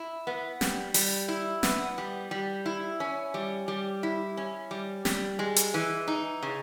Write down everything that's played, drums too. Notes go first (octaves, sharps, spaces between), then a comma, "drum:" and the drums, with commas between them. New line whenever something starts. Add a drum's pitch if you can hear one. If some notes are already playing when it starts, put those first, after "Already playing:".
Already playing: E4
B3
G3, drum: snare
G3, drum: open hi-hat
E4
B3, drum: snare
G3
G3
E4
C#4
G3
G3
E4
C#4
G3
G3, drum: snare
G#3
drum: hi-hat
E3
D#4
C#3